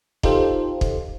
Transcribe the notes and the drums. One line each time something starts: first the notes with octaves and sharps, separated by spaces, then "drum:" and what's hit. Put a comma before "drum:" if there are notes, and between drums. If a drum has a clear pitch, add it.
D#4 F4 G4 A4 C5, drum: kick
drum: kick